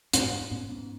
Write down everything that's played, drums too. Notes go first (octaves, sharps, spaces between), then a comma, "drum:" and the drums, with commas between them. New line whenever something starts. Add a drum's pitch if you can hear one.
G#2 C4 D4, drum: hi-hat
G#2
G#2 B3 C#4
G#2